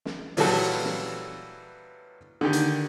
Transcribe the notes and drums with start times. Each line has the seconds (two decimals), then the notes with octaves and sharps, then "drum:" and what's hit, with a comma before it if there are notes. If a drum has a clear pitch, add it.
0.05 drum: snare
0.37 A#2 E3 F#3 G3 F#4 A4, drum: open hi-hat
0.85 drum: snare
2.41 D3 D#3 G4
2.53 drum: hi-hat